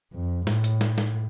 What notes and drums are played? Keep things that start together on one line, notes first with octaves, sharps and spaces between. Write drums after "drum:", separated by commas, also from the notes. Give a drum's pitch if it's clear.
F2
A2, drum: snare
drum: hi-hat
drum: snare
drum: snare